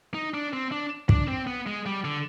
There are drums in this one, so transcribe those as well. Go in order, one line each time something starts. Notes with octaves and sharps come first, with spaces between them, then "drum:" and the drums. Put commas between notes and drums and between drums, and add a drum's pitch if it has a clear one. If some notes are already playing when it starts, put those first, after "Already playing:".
D#4
D4
C4
D4
D4, drum: kick
C4
B3
G#3
G3
D3